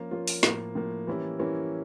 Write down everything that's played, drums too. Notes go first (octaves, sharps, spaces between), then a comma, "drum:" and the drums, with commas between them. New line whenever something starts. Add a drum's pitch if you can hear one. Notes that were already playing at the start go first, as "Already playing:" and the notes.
Already playing: F3 A#3 C#4 F4
F3 A#3 C#4 F4
drum: open hi-hat
A2 F3 A#3, drum: snare
A2 F3 A#3
E3 G3 A#3 C#4 E4
E3 G3 A#3 C#4 E4